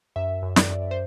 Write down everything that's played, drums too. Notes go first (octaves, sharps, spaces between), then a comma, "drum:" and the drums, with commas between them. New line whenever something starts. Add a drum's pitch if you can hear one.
F#2 E5
F#2
D5, drum: snare
F#2
C5